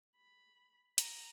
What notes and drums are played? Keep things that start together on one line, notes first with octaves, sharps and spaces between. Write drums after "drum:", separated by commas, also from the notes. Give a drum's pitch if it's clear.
B5
A#5, drum: hi-hat